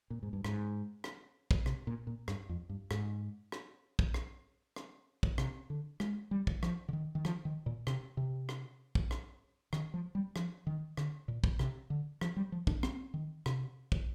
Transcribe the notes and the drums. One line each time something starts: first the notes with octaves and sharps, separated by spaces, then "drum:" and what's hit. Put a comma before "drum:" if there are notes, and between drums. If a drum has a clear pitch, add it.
A#2
G#2
G2
G#2, drum: rim click
drum: rim click
drum: kick
C3, drum: rim click
A#2
A#2
G2, drum: rim click
F2
G2
G#2, drum: rim click
drum: rim click
drum: kick
drum: rim click
drum: rim click
drum: kick
C3, drum: rim click
D3
G#3, drum: rim click
G3
drum: kick
F3, drum: rim click
D3
D#3
D#3
F3, drum: rim click
D#3
A#2
C3, drum: rim click
C3
drum: rim click
drum: kick
drum: rim click
D#3, drum: rim click
F3
G3
F3, drum: rim click
D#3
D3, drum: rim click
A#2
drum: kick
C3, drum: rim click
D3
F3, drum: rim click
G3
F3
D4, drum: kick
C4, drum: rim click
D#3
C3, drum: rim click
drum: kick